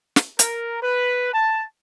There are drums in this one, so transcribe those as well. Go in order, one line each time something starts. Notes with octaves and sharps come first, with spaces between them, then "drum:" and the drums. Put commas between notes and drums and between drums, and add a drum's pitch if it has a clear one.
drum: snare
A#4, drum: hi-hat
B4
A5